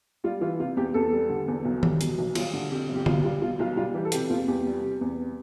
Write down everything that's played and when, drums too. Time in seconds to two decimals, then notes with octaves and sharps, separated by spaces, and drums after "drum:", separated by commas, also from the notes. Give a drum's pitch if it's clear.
0.24 G3 F4
0.41 E3 F4
0.59 C3 F4
0.77 E2 G4
0.94 E2 A4
1.12 G3
1.29 D3
1.48 E2
1.65 B1
1.83 G3, drum: tom D#3
2.01 B2, drum: hi-hat
2.18 B1
2.35 G3 F4, drum: cymbal
2.53 D3
2.71 F2 G4
2.89 G1
2.95 G4
3.06 B1 F4, drum: tom D3
3.24 G3 F4
3.42 B2 F4
3.59 B1 F4
3.77 G3 F4
3.94 E3 G4
4.05 A4
4.12 C3 G4, drum: hi-hat
4.30 E2 F4
4.48 E2 G4
4.65 G3
4.83 C3
5.01 E2